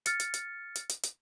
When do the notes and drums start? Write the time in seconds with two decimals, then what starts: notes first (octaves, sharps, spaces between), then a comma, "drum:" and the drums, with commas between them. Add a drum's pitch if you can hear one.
0.06 F6 A6 C#7, drum: hi-hat
0.20 drum: hi-hat
0.34 drum: hi-hat
0.75 drum: hi-hat
0.89 drum: hi-hat
1.03 drum: hi-hat